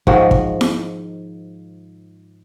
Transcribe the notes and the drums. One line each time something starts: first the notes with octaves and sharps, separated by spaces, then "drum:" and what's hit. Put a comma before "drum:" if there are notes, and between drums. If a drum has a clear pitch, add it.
G#2 D#3 F3 F#4, drum: kick
drum: kick
drum: snare E4